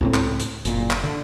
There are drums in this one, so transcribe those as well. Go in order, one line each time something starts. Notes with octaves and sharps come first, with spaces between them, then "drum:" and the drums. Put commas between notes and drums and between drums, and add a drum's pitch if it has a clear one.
C#2 A2 C4
drum: clap
drum: hi-hat
F#1 A#2, drum: hi-hat
drum: clap
D3